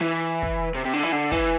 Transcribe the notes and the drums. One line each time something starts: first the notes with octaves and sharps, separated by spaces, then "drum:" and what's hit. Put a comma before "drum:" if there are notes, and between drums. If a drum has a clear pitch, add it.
E3
drum: kick
C3
C3
D3
E3
D3
E3, drum: kick